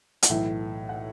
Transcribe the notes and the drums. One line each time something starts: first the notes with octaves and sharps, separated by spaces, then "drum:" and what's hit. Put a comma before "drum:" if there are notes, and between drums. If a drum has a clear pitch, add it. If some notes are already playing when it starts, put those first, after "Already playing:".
F#5, drum: hi-hat
B1 A2 E3 E5
F#5